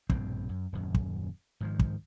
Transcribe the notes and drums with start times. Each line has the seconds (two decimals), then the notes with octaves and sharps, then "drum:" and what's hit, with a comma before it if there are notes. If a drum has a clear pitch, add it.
0.10 A#1 G2 B2 C4, drum: kick
0.49 F#2
0.72 D#1 F#2
0.94 drum: kick
1.61 G#2 D#3 F3
1.79 drum: kick